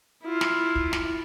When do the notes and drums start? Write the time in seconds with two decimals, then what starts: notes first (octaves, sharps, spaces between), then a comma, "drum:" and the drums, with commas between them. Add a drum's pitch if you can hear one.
0.24 E4 F4
0.41 drum: snare
0.75 drum: kick
0.93 drum: snare